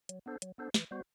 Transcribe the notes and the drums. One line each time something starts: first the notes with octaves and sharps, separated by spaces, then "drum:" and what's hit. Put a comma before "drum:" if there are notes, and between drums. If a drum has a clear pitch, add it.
F#3, drum: hi-hat
B3 D4 A4 C5
F#3, drum: hi-hat
B3 D4 A4 C5
E3, drum: snare
G3 B3 F#4 C5